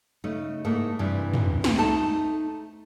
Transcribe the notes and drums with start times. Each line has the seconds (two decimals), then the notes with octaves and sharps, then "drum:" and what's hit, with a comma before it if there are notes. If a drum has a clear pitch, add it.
0.24 C#3 A3 D#4
0.64 G#2 A3 A#3 D#4 E4
0.99 G2 C3 E3
1.34 drum: tom
1.64 drum: snare
1.78 A3 D#4 A4 C5 A5